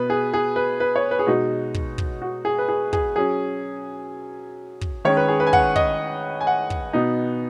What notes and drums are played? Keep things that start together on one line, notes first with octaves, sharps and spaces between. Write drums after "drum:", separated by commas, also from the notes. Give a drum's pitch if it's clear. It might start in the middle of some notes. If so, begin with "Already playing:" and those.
Already playing: B2 B3 B4
G#4
G#4
B4
B4
C#5
B4
G#4
B2 G#3 D#4 F#4
drum: kick
drum: kick
F#4
G#4
B4
G#4
G#4, drum: kick
F#3 C#4 G#4
drum: kick
D#3 G#3 C#4 C#5
B4
G#4
B4
G#5
F#5, drum: kick
D#5, drum: kick
G#5
F#5
drum: kick
B2 B3 D#4